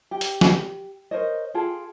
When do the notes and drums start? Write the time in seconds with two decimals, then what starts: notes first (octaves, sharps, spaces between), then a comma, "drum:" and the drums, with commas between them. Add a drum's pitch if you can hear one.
0.11 G4
0.21 drum: hi-hat
0.41 drum: snare
1.11 A#4 C5 C#5 D#5
1.54 F4 G#4 A4 G5